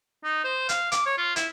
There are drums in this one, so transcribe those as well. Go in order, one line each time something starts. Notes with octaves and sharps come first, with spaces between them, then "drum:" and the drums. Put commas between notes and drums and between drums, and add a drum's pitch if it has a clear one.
D#4
C5
F5, drum: hi-hat
D6, drum: hi-hat
C#5
F4
E4, drum: hi-hat